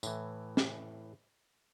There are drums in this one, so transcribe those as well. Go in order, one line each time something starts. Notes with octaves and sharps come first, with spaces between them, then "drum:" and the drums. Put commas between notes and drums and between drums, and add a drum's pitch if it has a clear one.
A2 E3, drum: tambourine
drum: snare